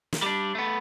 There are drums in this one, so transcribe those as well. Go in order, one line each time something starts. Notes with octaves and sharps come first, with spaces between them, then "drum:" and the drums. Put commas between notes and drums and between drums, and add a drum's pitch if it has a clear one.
drum: snare
G3 D4
A3 B3